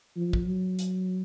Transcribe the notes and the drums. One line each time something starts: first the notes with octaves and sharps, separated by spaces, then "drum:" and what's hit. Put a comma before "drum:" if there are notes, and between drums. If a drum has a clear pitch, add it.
F3
drum: kick
F#3
drum: hi-hat